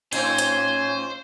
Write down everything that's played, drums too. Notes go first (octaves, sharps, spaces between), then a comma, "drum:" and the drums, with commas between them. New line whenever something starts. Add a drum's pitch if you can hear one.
A2 C4 C#4 D#4 C5 G#5, drum: cymbal
drum: hi-hat